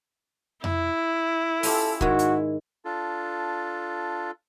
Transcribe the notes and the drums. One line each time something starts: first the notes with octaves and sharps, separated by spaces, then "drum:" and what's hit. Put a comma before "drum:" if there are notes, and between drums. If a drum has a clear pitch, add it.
E4, drum: tom F2
C#4 F4 G4 A4, drum: open hi-hat
G#2 D#3 G#3 F#4, drum: kick
drum: hi-hat
D4 F4 A4